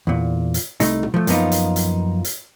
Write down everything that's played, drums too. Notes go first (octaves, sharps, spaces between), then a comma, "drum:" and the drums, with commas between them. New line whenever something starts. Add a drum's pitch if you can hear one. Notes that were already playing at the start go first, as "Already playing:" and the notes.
E2 A#2
drum: hi-hat
C2 A3 D#4, drum: hi-hat
drum: tom
F3 A3
F#2 F3 A#3 B3 D#4 F4, drum: hi-hat
drum: hi-hat
drum: hi-hat
drum: hi-hat